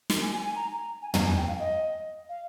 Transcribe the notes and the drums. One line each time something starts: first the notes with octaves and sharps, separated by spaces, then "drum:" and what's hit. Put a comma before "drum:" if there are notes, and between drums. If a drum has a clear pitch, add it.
drum: snare
G#5
G#5
G#5
A#5
G#5
A#5, drum: tom
G#5
G5
F5
D#5
F5